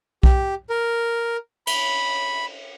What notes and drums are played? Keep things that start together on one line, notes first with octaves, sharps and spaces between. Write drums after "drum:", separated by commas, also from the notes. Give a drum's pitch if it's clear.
G4, drum: kick B1
A#4
B5, drum: cymbal